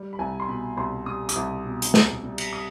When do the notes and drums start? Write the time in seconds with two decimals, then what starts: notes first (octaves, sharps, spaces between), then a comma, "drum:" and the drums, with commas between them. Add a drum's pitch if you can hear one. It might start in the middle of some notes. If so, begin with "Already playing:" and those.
Already playing: G3
0.13 B5
0.19 C2 G#5
0.40 C6
0.48 B2 B5
0.77 C2 C6
1.06 G3 D#6
1.29 D#6, drum: hi-hat
1.36 C2 D6
1.65 B2
1.82 drum: hi-hat
1.94 C2, drum: snare
2.23 G3
2.38 drum: cymbal
2.53 D#6